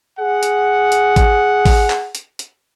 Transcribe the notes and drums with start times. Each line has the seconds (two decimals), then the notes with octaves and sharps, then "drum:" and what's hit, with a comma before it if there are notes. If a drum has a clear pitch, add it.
0.18 G#4 F#5
0.43 drum: hi-hat
0.92 drum: hi-hat
1.16 drum: kick, hi-hat
1.66 drum: kick, open hi-hat
1.90 drum: clap
2.15 drum: hi-hat
2.39 drum: hi-hat